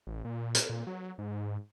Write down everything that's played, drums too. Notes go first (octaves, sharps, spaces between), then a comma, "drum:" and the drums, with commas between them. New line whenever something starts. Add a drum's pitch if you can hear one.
A1
A#2
drum: hi-hat
A#2
F#3
G#2